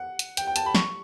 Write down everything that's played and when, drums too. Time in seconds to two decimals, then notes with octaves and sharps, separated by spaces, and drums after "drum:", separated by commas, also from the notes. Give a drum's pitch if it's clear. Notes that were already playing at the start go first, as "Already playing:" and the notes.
Already playing: F#5
0.19 drum: hi-hat
0.37 G5, drum: hi-hat
0.47 G5
0.56 A5, drum: hi-hat
0.66 B5
0.75 C#6, drum: snare